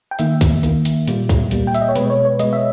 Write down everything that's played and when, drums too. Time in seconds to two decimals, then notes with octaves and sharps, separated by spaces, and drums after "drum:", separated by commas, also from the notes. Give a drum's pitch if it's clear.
0.11 G5
0.19 D#3 A#3 E5, drum: hi-hat
0.41 drum: kick, hi-hat
0.63 D#3 A#3, drum: hi-hat
0.85 drum: hi-hat
1.08 A#2 G3 A#3, drum: hi-hat
1.29 drum: kick, hi-hat
1.51 A#2 G3 A#3, drum: hi-hat
1.67 G5
1.74 E5, drum: hi-hat
1.82 D#5
1.89 C#5
1.96 B2 G#3 B4, drum: hi-hat
2.10 C#5
2.25 C#5
2.39 B2 G#3 D#5, drum: hi-hat
2.53 E5